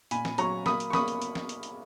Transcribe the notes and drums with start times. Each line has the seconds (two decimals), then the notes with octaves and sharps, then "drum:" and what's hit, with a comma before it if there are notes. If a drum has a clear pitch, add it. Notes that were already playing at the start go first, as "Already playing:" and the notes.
0.11 A#2 G#5 B5, drum: hi-hat
0.25 drum: snare
0.38 F#3 A#5 C#6, drum: hi-hat
0.66 A#3 B5 D#6, drum: snare
0.80 drum: hi-hat
0.90 C#6
0.93 A#3 B5 D#6, drum: snare
1.08 drum: hi-hat
1.22 drum: hi-hat
1.35 drum: snare
1.49 drum: hi-hat
1.63 drum: hi-hat